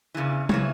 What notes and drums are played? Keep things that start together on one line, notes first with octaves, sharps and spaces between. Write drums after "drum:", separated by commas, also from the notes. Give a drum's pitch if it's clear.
E2 C#3 E3
C#3 E3 C#5, drum: tom F#3